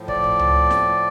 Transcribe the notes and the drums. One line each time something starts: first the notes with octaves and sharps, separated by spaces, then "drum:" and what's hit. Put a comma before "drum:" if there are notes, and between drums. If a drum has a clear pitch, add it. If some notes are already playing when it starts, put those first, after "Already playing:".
Already playing: A2 F3
D5, drum: kick
drum: kick
drum: tom C#2
drum: snare